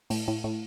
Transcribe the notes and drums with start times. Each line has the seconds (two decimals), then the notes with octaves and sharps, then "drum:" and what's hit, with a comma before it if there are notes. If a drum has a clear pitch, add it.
0.10 A2, drum: open hi-hat
0.28 A2
0.44 A2